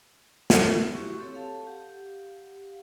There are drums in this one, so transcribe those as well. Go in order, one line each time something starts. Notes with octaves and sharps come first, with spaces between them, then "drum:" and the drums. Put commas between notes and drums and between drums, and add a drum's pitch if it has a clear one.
drum: snare
E4 F#4 G4 C#6
C4 G4 A4 C#5
A4 F5 A5
G4 F5 F#5